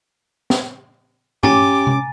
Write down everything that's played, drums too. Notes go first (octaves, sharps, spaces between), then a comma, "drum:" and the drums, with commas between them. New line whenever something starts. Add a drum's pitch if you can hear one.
drum: snare
C#4 G4 G#5 A#5 D6 A6, drum: tom
drum: tom C3